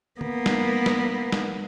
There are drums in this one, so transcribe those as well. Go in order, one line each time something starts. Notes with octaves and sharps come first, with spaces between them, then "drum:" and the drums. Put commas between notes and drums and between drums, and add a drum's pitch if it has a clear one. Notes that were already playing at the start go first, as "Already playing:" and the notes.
A#3 B3, drum: tom
drum: snare
drum: snare
drum: snare